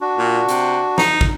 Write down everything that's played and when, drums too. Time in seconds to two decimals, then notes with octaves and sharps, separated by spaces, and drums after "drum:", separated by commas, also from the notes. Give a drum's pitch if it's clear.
0.01 D4 F#4
0.18 A#2
0.49 C3, drum: hi-hat
0.98 D#4, drum: snare
1.21 drum: kick